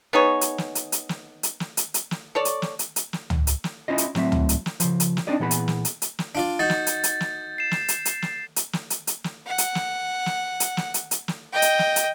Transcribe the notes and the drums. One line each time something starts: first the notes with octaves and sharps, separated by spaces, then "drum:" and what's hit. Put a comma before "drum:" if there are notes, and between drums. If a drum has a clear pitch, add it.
B3 D#4 G#4 C#5
drum: hi-hat
drum: snare
drum: hi-hat
drum: hi-hat
drum: snare
drum: hi-hat
drum: snare
drum: hi-hat
drum: hi-hat
drum: snare
A4 C#5 D5
drum: hi-hat
drum: snare
drum: hi-hat
drum: hi-hat
drum: snare
drum: tom
drum: hi-hat
drum: snare
C#4 E4 F4 D#5
drum: hi-hat
A2 F#3 C4 E5, drum: snare
drum: tom
drum: hi-hat
drum: snare
C#3 F3, drum: hi-hat
drum: hi-hat
drum: snare
C4 D4 D#4 D5 D#5
A#2 E3 B3 G#4 B5
drum: hi-hat
drum: snare
drum: hi-hat
drum: hi-hat
drum: snare
D4 F4 D5
D#4 F#4 G6 A6
drum: snare
drum: hi-hat
drum: hi-hat
drum: snare
C7 E7
drum: snare
drum: hi-hat
drum: hi-hat
drum: snare
drum: hi-hat
drum: snare
drum: hi-hat
drum: hi-hat
drum: snare
F#5
drum: hi-hat
drum: snare
drum: snare
drum: hi-hat
drum: snare
drum: hi-hat
drum: hi-hat
drum: snare
D#5 G5
drum: hi-hat
drum: snare
drum: hi-hat